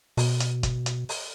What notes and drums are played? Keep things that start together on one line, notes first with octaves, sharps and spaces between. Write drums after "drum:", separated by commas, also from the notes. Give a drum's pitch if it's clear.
B2, drum: open hi-hat
drum: hi-hat
drum: kick, hi-hat
drum: hi-hat
drum: open hi-hat